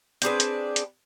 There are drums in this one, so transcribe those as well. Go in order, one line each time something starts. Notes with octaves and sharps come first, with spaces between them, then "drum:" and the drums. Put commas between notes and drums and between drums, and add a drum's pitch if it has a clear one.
C4 D4 G#4 B4, drum: hi-hat
drum: hi-hat
drum: hi-hat